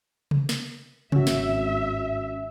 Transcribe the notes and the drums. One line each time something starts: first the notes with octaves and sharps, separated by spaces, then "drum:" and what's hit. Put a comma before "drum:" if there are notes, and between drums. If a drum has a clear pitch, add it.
drum: tom C3
drum: snare
G#1 C#4 F#4 E5, drum: tom C3
drum: snare